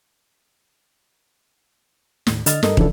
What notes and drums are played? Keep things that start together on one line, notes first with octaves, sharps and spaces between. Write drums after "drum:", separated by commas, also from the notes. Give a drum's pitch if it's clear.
D#2 A2, drum: snare
D3 D#5 F6 A6, drum: hi-hat
G2 A4 A#4 D#5, drum: snare
C#3 E3 F3 D4 E4 A4, drum: kick